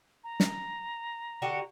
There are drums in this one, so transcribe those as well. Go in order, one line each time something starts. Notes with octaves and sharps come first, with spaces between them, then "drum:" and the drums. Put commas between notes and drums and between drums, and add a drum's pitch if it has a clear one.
A#5
drum: snare
D3 F#4 G4